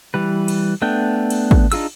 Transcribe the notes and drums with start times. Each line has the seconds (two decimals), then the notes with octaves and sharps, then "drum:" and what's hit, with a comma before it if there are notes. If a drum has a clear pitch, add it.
0.14 E3 G3 B4
0.48 drum: cymbal
0.82 A3 B3 D4 G5
1.30 drum: cymbal
1.51 drum: kick
1.72 D4 D#4 F4 G#4 E6, drum: cymbal